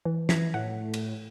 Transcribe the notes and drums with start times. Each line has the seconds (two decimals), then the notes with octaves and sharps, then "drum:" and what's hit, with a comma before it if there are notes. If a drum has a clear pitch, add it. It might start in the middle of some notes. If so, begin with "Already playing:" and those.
0.05 E3
0.29 E3 G#6 A#6 B6, drum: snare
0.54 A2 F#5
0.94 drum: cymbal